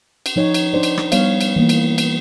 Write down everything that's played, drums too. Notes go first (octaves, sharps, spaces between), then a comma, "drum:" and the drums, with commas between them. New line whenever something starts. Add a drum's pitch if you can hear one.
drum: cymbal
F3 D#4 C#5
drum: cymbal
D4 D#4 C5 D5
drum: cymbal
drum: rim click
G3 B3 C#5 F5, drum: cymbal
drum: cymbal
E3 A#3
drum: cymbal
drum: cymbal